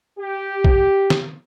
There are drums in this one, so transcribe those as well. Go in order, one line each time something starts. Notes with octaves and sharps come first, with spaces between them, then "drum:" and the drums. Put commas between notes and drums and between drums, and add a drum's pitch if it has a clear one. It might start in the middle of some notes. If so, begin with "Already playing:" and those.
G4
drum: kick
drum: snare